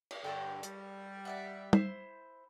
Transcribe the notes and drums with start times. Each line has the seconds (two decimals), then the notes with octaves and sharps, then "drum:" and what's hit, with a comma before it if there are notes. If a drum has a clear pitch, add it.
0.11 drum: cymbal
0.24 G2 D3 A4 C#5 G5
0.63 G3, drum: hi-hat
1.25 D5 E5 F#5
1.73 E4 C5, drum: tom